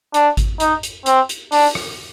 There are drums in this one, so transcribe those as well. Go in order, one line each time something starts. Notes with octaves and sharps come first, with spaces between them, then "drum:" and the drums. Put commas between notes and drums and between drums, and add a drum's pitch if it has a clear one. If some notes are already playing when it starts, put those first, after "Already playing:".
D4, drum: hi-hat
drum: kick G#1, hi-hat
D#4, drum: hi-hat
drum: hi-hat
C4, drum: hi-hat
drum: hi-hat
D4, drum: open hi-hat
drum: rim click